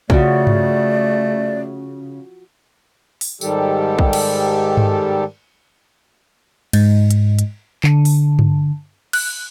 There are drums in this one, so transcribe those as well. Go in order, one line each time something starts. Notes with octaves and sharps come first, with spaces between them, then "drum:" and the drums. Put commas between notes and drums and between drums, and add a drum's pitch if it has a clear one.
C#3 A3 F4 F#4 D5, drum: kick
drum: tom G2
drum: open hi-hat
G#2 D#3 G3 G4 A4, drum: tambourine
drum: kick
drum: cymbal
drum: tom G2
G#2, drum: cymbal
drum: hi-hat
drum: hi-hat
D3, drum: clap
drum: open hi-hat
drum: tom G2
F#6, drum: cymbal